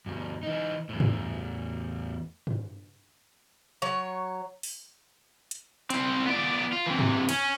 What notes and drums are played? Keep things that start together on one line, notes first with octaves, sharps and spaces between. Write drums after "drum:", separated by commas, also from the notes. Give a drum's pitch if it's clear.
D2 G2
E3 D#4
E2 A2
drum: tom G2
drum: tom G2
F#3 C#5
drum: open hi-hat
drum: hi-hat
C4 E4, drum: hi-hat
B3 D5
F4
C3 E3
drum: tom G2
C#4, drum: cymbal